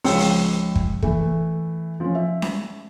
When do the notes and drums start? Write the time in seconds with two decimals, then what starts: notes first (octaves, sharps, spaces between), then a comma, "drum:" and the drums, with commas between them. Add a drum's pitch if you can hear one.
0.04 C#2 F3 C#5 G5 E6 C#7, drum: open hi-hat
0.19 drum: open hi-hat
0.76 drum: kick
1.02 E3 A3, drum: kick
2.00 F3 C#4
2.15 E5
2.42 drum: snare C#4